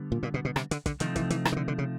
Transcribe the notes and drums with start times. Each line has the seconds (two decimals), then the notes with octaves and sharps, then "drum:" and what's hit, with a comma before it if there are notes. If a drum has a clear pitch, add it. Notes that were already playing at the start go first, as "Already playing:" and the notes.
Already playing: D3 G3 B3
0.12 A#2
0.23 A#2
0.34 B2
0.45 B2
0.56 C3, drum: rim click
0.71 D3, drum: hi-hat
0.86 D3, drum: kick, hi-hat
1.00 C3 D#3 F3 A3 C4 D#4, drum: hi-hat
1.16 E3, drum: kick, hi-hat
1.30 E3, drum: hi-hat
1.45 E3, drum: rim click
1.52 D#3
1.56 D3
1.68 D3
1.78 C#3